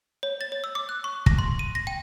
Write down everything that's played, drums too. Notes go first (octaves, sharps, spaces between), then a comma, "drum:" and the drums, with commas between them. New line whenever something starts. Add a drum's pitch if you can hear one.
C#5
A6
C#5
E6
D6
F#6
C#6
A#6, drum: kick
C6
D#7
A#6
G5